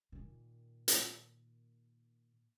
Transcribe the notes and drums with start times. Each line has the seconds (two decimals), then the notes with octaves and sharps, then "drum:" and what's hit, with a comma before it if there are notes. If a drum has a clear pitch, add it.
0.12 A#2 D#3
0.88 drum: hi-hat